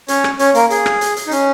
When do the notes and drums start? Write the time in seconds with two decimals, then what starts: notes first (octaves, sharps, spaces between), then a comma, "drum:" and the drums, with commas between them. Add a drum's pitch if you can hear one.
0.08 C#4 C#5, drum: hi-hat
0.24 drum: rim click
0.39 C#4 C#5, drum: hi-hat
0.55 A#3 A#4, drum: hi-hat
0.70 G#4, drum: hi-hat
0.86 drum: rim click
1.01 drum: hi-hat
1.16 drum: hi-hat
1.27 D#4
1.31 C#4, drum: hi-hat